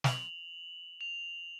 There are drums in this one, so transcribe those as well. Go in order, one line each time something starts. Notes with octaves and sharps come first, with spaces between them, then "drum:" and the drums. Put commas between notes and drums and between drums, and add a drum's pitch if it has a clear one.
F7 F#7, drum: snare
F7